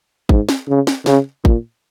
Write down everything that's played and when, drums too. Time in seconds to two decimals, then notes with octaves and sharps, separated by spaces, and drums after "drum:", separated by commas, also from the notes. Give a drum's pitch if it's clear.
0.29 G#2, drum: kick G#1
0.49 drum: snare
0.68 C#3
0.87 drum: snare
1.06 C#3, drum: snare
1.45 A#2, drum: kick G#1